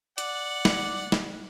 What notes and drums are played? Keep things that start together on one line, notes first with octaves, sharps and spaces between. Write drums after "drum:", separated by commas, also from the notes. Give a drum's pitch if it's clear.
D5 F#5, drum: hi-hat
drum: snare
drum: snare